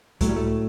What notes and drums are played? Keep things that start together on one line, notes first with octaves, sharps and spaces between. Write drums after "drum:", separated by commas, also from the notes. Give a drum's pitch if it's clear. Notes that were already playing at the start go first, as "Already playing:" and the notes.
A2 F#3 A3, drum: kick C2, hi-hat
G3
A3